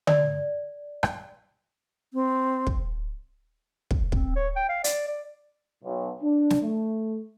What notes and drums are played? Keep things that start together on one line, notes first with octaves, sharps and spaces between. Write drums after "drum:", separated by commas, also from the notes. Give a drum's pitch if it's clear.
D5, drum: tom D3
drum: rim click
C4
drum: kick
drum: kick
C4, drum: kick
C#5
G5
F5
D5, drum: hi-hat
D5
B1
D4
drum: snare
A3